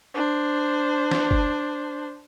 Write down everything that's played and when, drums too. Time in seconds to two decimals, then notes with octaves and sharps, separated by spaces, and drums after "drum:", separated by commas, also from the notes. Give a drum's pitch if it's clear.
0.14 D4 C5
1.11 drum: snare
1.31 drum: kick